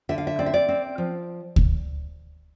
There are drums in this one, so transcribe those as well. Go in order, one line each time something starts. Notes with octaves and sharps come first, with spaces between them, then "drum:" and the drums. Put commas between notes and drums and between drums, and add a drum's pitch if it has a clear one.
D3 E5
F5
E5
C4 D5
E5
D5
C4
F3
drum: kick D2